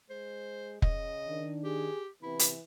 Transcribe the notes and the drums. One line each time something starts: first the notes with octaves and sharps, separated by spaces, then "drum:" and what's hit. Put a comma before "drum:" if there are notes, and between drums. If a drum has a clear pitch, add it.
G#3 C5
C#3 D#5, drum: kick
D#3 D4
G4 G#4
C3 E3 B3 E4
drum: hi-hat